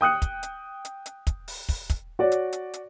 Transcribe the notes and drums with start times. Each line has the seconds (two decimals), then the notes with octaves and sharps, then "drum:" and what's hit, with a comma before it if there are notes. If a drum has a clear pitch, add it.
0.01 G5 D#6 F#6 C#7
0.22 drum: kick, hi-hat
0.43 drum: hi-hat
0.85 drum: hi-hat
1.06 drum: hi-hat
1.27 drum: kick, hi-hat
1.48 drum: open hi-hat
1.69 drum: kick, open hi-hat
1.90 drum: kick, hi-hat
2.19 F#4 C#5 D5
2.32 drum: hi-hat
2.53 drum: hi-hat
2.74 drum: hi-hat